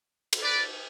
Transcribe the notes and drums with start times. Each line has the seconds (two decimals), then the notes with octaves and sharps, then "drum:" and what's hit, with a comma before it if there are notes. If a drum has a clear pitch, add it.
0.33 drum: cymbal
0.43 B4 D5